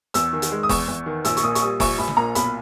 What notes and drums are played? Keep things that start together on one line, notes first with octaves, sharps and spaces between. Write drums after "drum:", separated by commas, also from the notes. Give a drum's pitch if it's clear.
E2 E6, drum: hi-hat
D#3
drum: hi-hat
G#3
D#6
E2 C#6, drum: kick F1, open hi-hat
E2
D#3
A#1 E6, drum: hi-hat
C#6, drum: hi-hat
A#2 D#6
C#6, drum: hi-hat
G3 D#6
A#1 C#6, drum: kick F1, open hi-hat
A#1 B5
drum: snare
A#2 A#5
B1 B5, drum: hi-hat